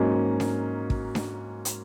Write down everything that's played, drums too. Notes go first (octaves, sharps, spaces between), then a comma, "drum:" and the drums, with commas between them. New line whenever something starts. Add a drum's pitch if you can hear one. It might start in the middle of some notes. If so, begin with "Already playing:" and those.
Already playing: G#2 F#3 A#3 C#4
drum: snare D4
drum: kick
drum: snare D4
drum: hi-hat